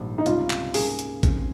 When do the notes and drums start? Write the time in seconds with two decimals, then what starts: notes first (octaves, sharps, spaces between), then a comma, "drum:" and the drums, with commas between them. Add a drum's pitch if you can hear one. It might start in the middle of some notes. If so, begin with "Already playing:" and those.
Already playing: A#1 G#2 D#3 G3
0.18 D#4
0.26 C#2 C3 G3 C#4 F4, drum: hi-hat
0.50 drum: clap
0.74 G#2 G3 A#3 C#4 G#4, drum: open hi-hat
0.99 drum: hi-hat
1.23 D#2 C#3 F3 G#3 C4, drum: kick, hi-hat